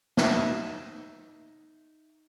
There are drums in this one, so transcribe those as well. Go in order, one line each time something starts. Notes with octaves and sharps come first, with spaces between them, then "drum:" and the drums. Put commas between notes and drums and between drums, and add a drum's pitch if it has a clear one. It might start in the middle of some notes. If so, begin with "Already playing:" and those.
D#4 E5, drum: snare